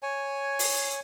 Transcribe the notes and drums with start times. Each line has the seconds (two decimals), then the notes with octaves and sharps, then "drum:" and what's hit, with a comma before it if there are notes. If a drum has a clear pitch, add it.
0.03 C#5 G#5
0.59 drum: open hi-hat